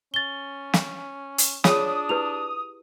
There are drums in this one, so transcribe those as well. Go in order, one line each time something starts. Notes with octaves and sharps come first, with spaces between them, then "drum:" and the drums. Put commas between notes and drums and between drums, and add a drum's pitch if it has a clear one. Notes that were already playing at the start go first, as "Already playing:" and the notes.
C#4 A6 G7
drum: snare
drum: hi-hat
D4 F4 G#4 C#5 B5 D#6, drum: snare
E4 G4 B4 F7